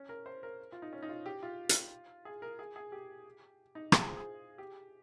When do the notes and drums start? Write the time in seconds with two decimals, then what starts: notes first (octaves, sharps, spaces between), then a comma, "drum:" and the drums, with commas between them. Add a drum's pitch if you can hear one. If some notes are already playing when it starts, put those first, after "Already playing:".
Already playing: C#4
0.09 A#4
0.26 C5
0.43 A#4
0.72 F4
0.82 D#4
0.93 C#4
1.03 D#4
1.09 F4
1.26 G4
1.43 F4
1.69 drum: hi-hat
2.25 G#4
2.42 A#4
2.59 G#4
2.76 G#4
2.92 G4
3.75 D#4
3.92 F4, drum: rim click
4.01 G#4
4.09 C5
4.17 G#4
4.58 G4